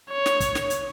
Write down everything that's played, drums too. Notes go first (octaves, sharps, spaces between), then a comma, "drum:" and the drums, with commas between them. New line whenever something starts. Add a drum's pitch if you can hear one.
C#5
drum: snare
drum: kick, hi-hat
drum: snare
drum: hi-hat